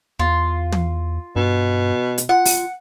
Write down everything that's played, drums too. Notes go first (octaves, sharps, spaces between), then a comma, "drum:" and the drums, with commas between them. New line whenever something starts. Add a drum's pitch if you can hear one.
E2 F4
drum: tom
G2 B2
drum: hi-hat
F4 F#5
drum: open hi-hat